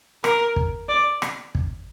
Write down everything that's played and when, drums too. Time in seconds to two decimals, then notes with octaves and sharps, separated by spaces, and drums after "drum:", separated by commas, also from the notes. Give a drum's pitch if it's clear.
0.24 A#4, drum: rim click
0.56 drum: kick
0.89 D5
1.22 drum: rim click
1.55 drum: kick